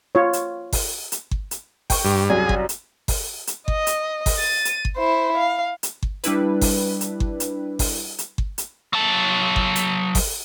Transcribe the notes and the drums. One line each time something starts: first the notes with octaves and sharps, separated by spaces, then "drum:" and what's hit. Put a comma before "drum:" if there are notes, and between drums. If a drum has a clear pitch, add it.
F4 C#5
drum: hi-hat
drum: kick G1, open hi-hat
drum: hi-hat
drum: kick G1
drum: hi-hat
G5 C#6, drum: kick G1, open hi-hat
G2
C2 F#2 G#4
drum: kick G1
drum: hi-hat
drum: kick G1, open hi-hat
drum: hi-hat
D#5, drum: kick G1
drum: hi-hat
drum: kick G1, open hi-hat
A6 D#7
drum: hi-hat
drum: kick G1
E4 C5
F5
drum: hi-hat
drum: kick G1
G3 D4 E4 B4, drum: hi-hat
drum: kick G1, open hi-hat
drum: hi-hat
drum: kick G1
drum: hi-hat
drum: kick G1, open hi-hat
drum: hi-hat
drum: kick G1
drum: hi-hat
F#3 A5
drum: kick G1
drum: hi-hat
drum: kick G1, open hi-hat